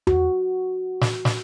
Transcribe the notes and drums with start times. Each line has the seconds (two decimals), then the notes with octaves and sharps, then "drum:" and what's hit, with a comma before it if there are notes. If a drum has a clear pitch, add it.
0.07 F#4, drum: tom E2
1.01 drum: snare
1.25 drum: snare